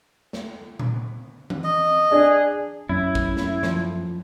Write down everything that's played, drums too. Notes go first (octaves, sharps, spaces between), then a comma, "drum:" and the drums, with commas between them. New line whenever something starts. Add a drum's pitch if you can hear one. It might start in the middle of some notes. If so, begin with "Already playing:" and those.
drum: snare
drum: tom A#2
drum: tom E3
D#5
D4 G#4
F#2 C#4 E4
drum: kick
drum: snare
F3, drum: snare